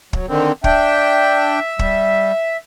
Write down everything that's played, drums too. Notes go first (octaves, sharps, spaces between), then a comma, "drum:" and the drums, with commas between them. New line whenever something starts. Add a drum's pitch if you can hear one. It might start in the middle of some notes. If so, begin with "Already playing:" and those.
F#3, drum: kick
D3 D#3 C4
D4 E5 G5, drum: kick
G3, drum: kick